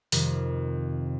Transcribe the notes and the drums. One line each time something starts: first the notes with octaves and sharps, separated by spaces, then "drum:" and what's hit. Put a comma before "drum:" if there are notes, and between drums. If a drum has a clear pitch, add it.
F2 C3 D#3, drum: open hi-hat